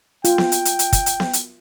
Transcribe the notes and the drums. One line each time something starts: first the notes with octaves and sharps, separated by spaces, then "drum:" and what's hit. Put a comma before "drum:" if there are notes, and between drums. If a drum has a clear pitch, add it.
F4 G5, drum: hi-hat
drum: snare B3
drum: hi-hat
drum: hi-hat
drum: hi-hat
drum: kick, hi-hat
drum: hi-hat
drum: snare B3
drum: hi-hat